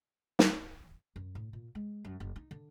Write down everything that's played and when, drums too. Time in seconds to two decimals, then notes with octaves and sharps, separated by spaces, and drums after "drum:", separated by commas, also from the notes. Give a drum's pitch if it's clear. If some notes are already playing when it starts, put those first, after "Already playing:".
0.39 drum: snare
1.16 F#2
1.35 A2
1.53 A#2
1.75 G#3
2.05 F#2
2.20 F#1
2.36 D#4
2.51 D3